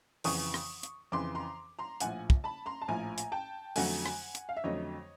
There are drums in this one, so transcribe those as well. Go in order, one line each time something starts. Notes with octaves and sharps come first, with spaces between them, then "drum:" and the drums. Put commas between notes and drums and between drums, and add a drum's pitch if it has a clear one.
F2 C#3 E3 C#6 D#6, drum: open hi-hat
drum: rim click
drum: hi-hat
F2 C#3 E3 C6 D6
A#5 C6
A#5 C6
A#1 A2 F3 F#5 G#5, drum: hi-hat
drum: kick
A5 B5
A#5 C6
A5
A#1 A2 F3 G#5 A#5
drum: hi-hat
G5 A5
F2 D3 F#3 A3 F#5 G#5, drum: open hi-hat
drum: rim click
drum: hi-hat
F5
E5
F2 D3 F#3 A3 C#5 D#5